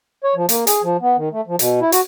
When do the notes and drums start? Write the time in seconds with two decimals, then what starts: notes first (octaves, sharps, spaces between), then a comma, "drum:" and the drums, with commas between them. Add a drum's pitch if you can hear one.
0.24 C#5
0.35 F3
0.49 A#3, drum: hi-hat
0.67 G#4, drum: hi-hat
0.83 F3
1.01 B3
1.17 D#3
1.32 A3
1.47 F3
1.59 B2, drum: hi-hat
1.81 E4
1.92 F#4, drum: hi-hat